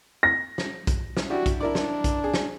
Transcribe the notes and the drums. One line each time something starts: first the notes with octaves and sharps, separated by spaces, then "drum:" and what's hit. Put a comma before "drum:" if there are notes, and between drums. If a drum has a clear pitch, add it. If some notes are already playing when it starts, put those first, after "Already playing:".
A#6
drum: snare
drum: kick B1, hi-hat
drum: snare
D4 E4 F#4 G4
drum: kick B1, hi-hat
D4 E4 A#4 D5
drum: snare
drum: kick B1, hi-hat
G#4
drum: snare